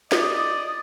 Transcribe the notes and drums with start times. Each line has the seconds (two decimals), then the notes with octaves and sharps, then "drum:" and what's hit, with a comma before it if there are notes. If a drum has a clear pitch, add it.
0.12 D5 D#5 D#6, drum: snare